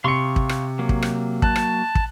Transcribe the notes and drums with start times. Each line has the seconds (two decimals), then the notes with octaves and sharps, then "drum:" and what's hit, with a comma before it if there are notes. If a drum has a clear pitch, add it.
0.04 C3 F5 C6 C#6 C#7
0.36 drum: kick
0.49 drum: rim click
0.79 F#3 A#3
0.89 drum: kick
1.02 drum: rim click
1.42 A5 F#6, drum: kick
1.56 drum: rim click
1.95 drum: kick